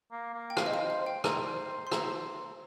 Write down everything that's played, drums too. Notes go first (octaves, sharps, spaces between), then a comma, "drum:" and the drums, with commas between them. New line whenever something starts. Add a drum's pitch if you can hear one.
A#3
A#3
G5
C4 F5, drum: rim click
D#5
F5
C5
F5
C5
G5
C5 A#5, drum: rim click
C6
A#5, drum: rim click